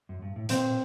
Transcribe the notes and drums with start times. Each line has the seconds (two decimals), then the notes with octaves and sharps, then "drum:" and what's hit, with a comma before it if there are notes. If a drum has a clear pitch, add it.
0.09 F#2
0.22 G2
0.36 A2
0.49 A#2 C4, drum: hi-hat